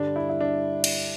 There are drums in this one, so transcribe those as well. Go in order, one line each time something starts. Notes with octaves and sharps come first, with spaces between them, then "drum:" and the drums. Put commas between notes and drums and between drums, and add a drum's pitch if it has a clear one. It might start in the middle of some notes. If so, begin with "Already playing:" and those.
Already playing: G2 D3 G3 D4
E4
E4
D4
drum: cymbal